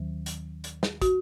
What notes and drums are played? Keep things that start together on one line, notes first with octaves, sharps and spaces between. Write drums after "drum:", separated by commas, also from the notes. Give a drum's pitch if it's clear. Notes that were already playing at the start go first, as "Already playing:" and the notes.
Already playing: D#2 D#3 F#3
drum: hi-hat
drum: hi-hat
drum: snare
F#4, drum: kick, hi-hat